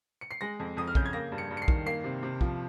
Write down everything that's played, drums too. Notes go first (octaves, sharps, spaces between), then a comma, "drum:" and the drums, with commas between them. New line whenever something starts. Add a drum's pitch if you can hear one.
C#7
C7
G#3 A#6
F2
F2 D#6
F6
C#3 G6, drum: kick
G#6
A#3 A#6
G2
C#7
G2
C#7
C7
D#3, drum: kick
A#3 C7
C3
C3
F3, drum: kick